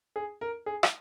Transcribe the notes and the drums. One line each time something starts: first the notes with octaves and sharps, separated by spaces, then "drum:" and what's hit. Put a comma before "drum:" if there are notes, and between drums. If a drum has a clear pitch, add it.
G#4
A#4
G#4
drum: rim click